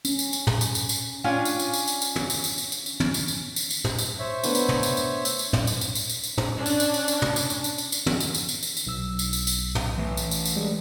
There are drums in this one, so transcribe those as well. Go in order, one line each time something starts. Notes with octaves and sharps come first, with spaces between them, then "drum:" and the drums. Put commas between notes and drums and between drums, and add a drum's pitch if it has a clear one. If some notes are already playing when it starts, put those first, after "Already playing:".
C#4, drum: tambourine
drum: tambourine
drum: tambourine
drum: tom
drum: tambourine
drum: tambourine
drum: tambourine
C#4 D4 F4
drum: tambourine
drum: tambourine
drum: tambourine
drum: tambourine
drum: tambourine
drum: tom
drum: tambourine
drum: tambourine
drum: tambourine
drum: tambourine
drum: tambourine
drum: tom
drum: tambourine
drum: tambourine
drum: tambourine
drum: tambourine
drum: tom
drum: tambourine
C5 C#5 E5
A3 B3 D4, drum: tambourine
drum: tambourine
drum: tom
drum: tambourine
drum: tambourine
drum: tambourine
drum: tambourine
drum: tom
drum: tambourine
drum: tambourine
drum: tambourine
drum: tambourine
drum: tambourine
drum: tom
C#4 D4
drum: tambourine
drum: tambourine
drum: tambourine
drum: tambourine
drum: tom
drum: tambourine
drum: tambourine
drum: tambourine
drum: tambourine
drum: tambourine
drum: tom
drum: tambourine
drum: tambourine
drum: tambourine
drum: tambourine
drum: tambourine
B1 E6
drum: tambourine
drum: tambourine
drum: tambourine
drum: tom
E3 A3
drum: tambourine
drum: tambourine
drum: tambourine
G3 G#3